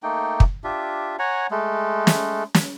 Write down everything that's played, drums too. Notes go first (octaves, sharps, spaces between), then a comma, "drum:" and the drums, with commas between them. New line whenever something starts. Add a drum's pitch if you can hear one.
A3 A#3 D#4 G5
drum: kick
D4 F4 G4 E5
C#5 F#5 G#5 A#5
G#3 A3
drum: snare
drum: snare